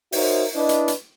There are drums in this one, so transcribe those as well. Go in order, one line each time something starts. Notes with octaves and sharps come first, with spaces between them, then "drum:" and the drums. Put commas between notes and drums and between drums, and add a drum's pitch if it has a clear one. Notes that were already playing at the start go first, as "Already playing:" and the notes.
D#4 F#4 A#4 C5 C#5 E5, drum: open hi-hat
D4 E4 B4 D#5
drum: hi-hat
drum: hi-hat